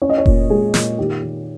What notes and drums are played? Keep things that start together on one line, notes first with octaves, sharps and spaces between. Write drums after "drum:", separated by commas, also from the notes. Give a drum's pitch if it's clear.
C#4 C#5
D#5
C#5
A#2, drum: kick F1
G#3 G#4
A#2, drum: snare
D#3 G4
D#3